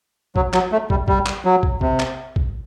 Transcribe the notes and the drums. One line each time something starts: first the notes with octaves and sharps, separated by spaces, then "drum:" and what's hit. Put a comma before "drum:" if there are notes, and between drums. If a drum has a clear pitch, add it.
F#3, drum: kick
F#3, drum: clap
A3
G3, drum: kick
G3, drum: kick
drum: clap
F#3
drum: kick
C3, drum: kick
drum: clap
drum: kick